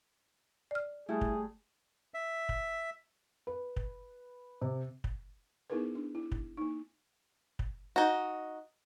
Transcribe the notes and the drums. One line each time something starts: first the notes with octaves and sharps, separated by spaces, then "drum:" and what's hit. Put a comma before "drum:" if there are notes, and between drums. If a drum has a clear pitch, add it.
D5 F6
G3 A3 E4 G#4
drum: kick
E5
drum: kick
B4
drum: kick
C3
drum: kick
B3 D#4 E4 G#4 A#4 B4
D4
E4
drum: kick
A#3 D#4
drum: kick
D#4 F#4